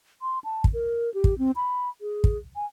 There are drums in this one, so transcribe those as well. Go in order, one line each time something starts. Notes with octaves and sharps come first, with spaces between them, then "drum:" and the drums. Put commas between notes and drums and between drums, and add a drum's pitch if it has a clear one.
C6
A5
drum: kick
A#4
G4
drum: kick
C4
B5
G#4
drum: kick
G#5